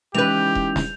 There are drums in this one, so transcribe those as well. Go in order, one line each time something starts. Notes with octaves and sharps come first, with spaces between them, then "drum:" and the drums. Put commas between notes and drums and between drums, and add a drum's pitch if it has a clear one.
E3 G#3 C#4 D#4 G4 B4 G6 F7
drum: kick E1
drum: snare